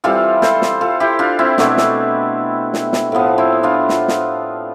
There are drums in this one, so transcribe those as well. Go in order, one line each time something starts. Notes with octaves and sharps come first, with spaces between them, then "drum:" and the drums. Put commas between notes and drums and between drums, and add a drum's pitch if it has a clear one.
E3 G3 C4 F4 A4
A4 C5, drum: snare
drum: snare
F4 A4
E4 G4
D4 F4
C4 E4
B2 A3 C4 D4, drum: snare
drum: snare
drum: snare
drum: snare
A2 F3 B3
C4 E4
D4 F4
drum: snare
drum: snare